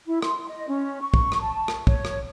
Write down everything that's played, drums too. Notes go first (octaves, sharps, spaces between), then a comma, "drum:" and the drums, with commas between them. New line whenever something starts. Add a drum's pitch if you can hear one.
E4
C6, drum: rim click
D#5
C#4
C#6
drum: kick
drum: rim click
A5
drum: rim click
C#5, drum: kick
drum: rim click